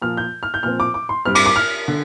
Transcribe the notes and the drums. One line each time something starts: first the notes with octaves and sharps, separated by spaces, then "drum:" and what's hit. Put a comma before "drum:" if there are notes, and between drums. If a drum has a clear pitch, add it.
A#2 F3 A#3 F6
G6
F6
G6
A#2 F3 C4 F6
D6
D6
C6
G2 G3 C4 F6
D6, drum: cymbal
D6
F6
D3